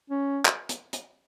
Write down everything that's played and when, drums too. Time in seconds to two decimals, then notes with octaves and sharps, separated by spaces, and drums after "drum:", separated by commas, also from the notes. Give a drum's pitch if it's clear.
0.10 C#4
0.45 drum: clap
0.69 drum: hi-hat
0.93 drum: hi-hat